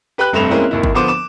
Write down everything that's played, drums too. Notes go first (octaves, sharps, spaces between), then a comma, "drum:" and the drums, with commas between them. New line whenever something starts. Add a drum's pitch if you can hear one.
G4 B4 G5 B5 F#6
F1 G2 A3 C4 E7 F7
G#3 A#3 C4 C#4 E4 A#4
G#1 D#2 E4
drum: kick
D3 F3 B3 C5 D6 E7
D6 E7